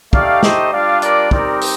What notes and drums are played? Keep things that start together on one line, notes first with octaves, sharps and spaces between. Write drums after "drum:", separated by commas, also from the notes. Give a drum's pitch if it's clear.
A3 D#4 G4 D5 F5, drum: kick
C5 D#5, drum: snare
G3 D4 F4 D5 F5
A#4 D5, drum: hi-hat
G3 C4 D#4 G4 A#4 D5, drum: kick
drum: open hi-hat